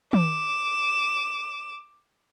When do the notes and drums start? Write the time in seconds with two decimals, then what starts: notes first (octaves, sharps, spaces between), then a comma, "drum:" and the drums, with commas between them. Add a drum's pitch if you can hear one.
0.13 D6 E7, drum: tom